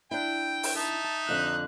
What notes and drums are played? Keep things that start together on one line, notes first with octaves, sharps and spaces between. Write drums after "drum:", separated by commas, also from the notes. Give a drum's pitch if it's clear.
D4 E4 G5
drum: open hi-hat
D#4 E5 A5
F2 D3 F#6